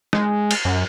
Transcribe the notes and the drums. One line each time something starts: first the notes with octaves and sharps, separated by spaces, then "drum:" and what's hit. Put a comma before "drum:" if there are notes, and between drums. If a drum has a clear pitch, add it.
G#3, drum: rim click
drum: cymbal
F#2